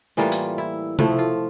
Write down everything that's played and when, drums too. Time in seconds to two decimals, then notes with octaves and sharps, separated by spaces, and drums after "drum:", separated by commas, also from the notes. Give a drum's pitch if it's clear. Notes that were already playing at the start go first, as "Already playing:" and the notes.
0.17 A2 E3 G3 A#3 F4
0.32 drum: hi-hat
0.58 E4
0.99 A2 F3 A3 E4, drum: tom C3
1.19 F4